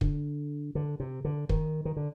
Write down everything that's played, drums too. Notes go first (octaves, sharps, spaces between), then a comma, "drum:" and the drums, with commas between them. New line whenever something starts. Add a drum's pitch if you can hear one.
D3, drum: kick
D3
C3
D3
D#3, drum: kick
D#3
D3